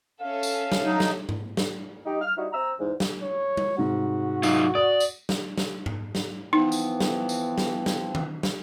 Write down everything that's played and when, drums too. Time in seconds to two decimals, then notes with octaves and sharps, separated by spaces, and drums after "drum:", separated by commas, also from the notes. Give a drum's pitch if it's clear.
0.21 C#4 A4 E5 F5
0.43 drum: tambourine
0.72 drum: snare
0.84 F#3 D#4
1.00 drum: snare
1.29 drum: tom G#2
1.57 drum: snare
2.06 D#4 G4
2.21 F6
2.37 G3 D#4 E4 F#4
2.53 C4 A#5 E6
2.79 E2 G#2
3.00 drum: snare
3.23 C#5
3.57 drum: tom G3
3.78 G#2 C3 F#4
4.43 F#3 D#4 F4, drum: tambourine
4.75 D5 D#6
5.00 drum: tambourine
5.29 drum: snare
5.58 drum: snare
5.86 drum: tom G#2
6.15 drum: snare
6.53 E3 F3 B3 C4 D#4
6.72 drum: tambourine
7.00 drum: snare
7.29 drum: tambourine
7.58 drum: snare
7.86 drum: snare
8.15 drum: tom D#3
8.43 drum: snare